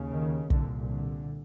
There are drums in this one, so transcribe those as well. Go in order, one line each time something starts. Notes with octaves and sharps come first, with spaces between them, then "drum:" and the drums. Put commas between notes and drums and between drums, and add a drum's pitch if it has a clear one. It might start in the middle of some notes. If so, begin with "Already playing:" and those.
Already playing: D#2 C#3
D#3
C2 A#2 D3, drum: kick
D3